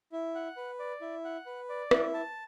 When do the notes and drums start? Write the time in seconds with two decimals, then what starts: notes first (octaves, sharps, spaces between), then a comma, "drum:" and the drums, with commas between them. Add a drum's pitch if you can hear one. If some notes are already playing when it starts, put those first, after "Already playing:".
0.12 E4
0.35 F#5
0.57 B4
0.79 D5
1.01 E4
1.25 F#5
1.46 B4
1.69 D5
1.91 E4, drum: rim click
2.14 A5